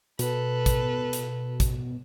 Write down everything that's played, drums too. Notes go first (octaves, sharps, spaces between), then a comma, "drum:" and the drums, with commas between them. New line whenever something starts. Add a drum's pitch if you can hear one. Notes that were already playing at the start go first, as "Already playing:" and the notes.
B2 A4 B4, drum: hi-hat
drum: kick, hi-hat
drum: hi-hat
drum: kick, hi-hat